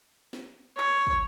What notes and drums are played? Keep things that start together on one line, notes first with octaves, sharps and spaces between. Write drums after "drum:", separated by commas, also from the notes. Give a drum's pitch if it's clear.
drum: snare
C#5, drum: clap
drum: kick